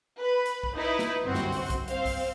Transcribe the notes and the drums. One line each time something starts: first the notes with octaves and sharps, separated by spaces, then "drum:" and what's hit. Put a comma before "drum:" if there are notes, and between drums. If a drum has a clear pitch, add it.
B4
drum: hi-hat
drum: kick B1
D#4 E4 B4
drum: snare
G1 C2 F#2 C4 F#4 C6
drum: snare
drum: open hi-hat
drum: kick B1, hi-hat
C4 C5 F5, drum: hi-hat
drum: kick B1, open hi-hat